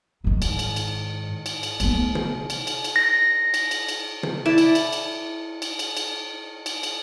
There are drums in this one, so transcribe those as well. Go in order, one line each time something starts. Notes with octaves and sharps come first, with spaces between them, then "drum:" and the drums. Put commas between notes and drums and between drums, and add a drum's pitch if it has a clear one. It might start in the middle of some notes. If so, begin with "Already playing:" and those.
G#2 D#3
drum: cymbal
drum: cymbal
drum: cymbal
drum: cymbal
drum: cymbal
A3 B3, drum: cymbal
drum: tom
drum: cymbal
drum: cymbal
drum: cymbal
A#6
drum: cymbal
drum: cymbal
drum: cymbal
drum: tom
E4 D5 A5
drum: cymbal
drum: cymbal
drum: cymbal
drum: cymbal
drum: cymbal
drum: cymbal
drum: cymbal
drum: cymbal